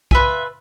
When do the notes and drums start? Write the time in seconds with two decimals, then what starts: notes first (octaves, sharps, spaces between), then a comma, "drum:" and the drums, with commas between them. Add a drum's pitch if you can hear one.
0.11 F4 B4 E5 G#5, drum: kick